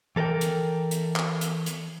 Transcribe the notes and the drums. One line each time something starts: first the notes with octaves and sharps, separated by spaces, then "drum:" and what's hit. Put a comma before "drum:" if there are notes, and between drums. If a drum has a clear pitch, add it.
E3 A4 A#4 D5 G5
drum: hi-hat
drum: hi-hat
drum: clap
drum: hi-hat
drum: hi-hat